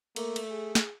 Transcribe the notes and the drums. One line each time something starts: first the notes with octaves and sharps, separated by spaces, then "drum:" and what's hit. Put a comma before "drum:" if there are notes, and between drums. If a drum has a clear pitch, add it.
A3 A#3, drum: cymbal
drum: cymbal
G#4
drum: snare